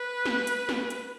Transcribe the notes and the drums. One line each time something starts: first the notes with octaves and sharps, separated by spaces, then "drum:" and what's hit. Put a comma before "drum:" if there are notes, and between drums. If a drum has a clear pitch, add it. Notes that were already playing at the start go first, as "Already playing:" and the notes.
Already playing: B4
drum: snare
drum: hi-hat
drum: snare
drum: hi-hat